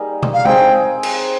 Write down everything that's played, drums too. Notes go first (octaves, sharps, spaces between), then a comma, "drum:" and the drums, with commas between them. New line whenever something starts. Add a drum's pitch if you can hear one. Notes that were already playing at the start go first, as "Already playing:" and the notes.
Already playing: G3 A#3 D#4 G#4
drum: tom
F5
C4 D#4 G#4 G5, drum: tom
drum: cymbal